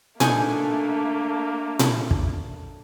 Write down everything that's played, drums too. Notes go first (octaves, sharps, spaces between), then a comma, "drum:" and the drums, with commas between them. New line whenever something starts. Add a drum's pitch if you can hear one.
A3 A#3 D4 D#4 A4 G#5, drum: tom A#2
drum: tom A#2
drum: kick